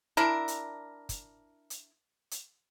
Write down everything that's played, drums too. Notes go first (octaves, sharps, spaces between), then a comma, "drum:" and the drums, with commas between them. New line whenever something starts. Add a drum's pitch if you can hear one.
D4 E4 A#4, drum: rim click
drum: hi-hat
drum: kick, hi-hat
drum: hi-hat
drum: hi-hat